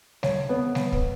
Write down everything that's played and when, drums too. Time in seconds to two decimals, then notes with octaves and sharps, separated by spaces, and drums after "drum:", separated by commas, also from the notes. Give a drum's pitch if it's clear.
0.23 C#5, drum: snare
0.49 B3
0.75 drum: snare
0.92 drum: kick